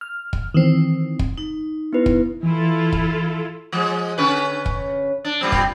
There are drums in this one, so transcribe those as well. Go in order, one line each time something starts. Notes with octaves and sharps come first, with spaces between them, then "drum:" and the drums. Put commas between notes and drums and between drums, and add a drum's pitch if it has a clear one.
F6
drum: kick
D#3 E3 C4
drum: kick
D#4
B3 E4 B4
drum: kick
E3 E4 F4 A4
drum: kick
F3 G#3
D3 C#4 B4
drum: kick
D4
A#2 G3 C4
drum: kick